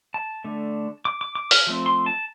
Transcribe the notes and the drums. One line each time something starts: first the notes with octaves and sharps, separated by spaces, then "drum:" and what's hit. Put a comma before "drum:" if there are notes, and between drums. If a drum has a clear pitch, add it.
A5
D3 A3 D4
D6
D6
D6
F6, drum: open hi-hat
F3 A3 C4
C6
A5